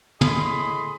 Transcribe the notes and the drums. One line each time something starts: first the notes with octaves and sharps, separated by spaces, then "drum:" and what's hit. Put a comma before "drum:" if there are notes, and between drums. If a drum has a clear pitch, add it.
A2 G#4 D#5 B5 C6, drum: tom